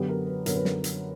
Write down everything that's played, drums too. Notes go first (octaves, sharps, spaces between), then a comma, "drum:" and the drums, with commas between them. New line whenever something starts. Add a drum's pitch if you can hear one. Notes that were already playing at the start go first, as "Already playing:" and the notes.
Already playing: F#2 D3 F#3 B3 G4
A#4
B4
F#2 D3 F#3 B3 A#4, drum: hi-hat
B4
A#4, drum: snare
drum: hi-hat